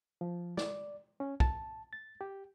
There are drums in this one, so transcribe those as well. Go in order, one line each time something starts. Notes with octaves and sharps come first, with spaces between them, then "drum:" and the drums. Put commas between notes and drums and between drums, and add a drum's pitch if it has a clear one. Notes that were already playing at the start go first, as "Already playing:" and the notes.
F3
D5, drum: snare
C#4
A5, drum: kick
A6
G4